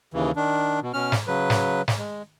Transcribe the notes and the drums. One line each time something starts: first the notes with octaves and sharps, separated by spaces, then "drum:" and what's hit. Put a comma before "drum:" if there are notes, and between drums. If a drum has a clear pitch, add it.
D#2 C#3 E3
D#3 D4
B2
B2 C#4 F6
drum: snare
C#3 F#3 B4
drum: snare
drum: snare
G#3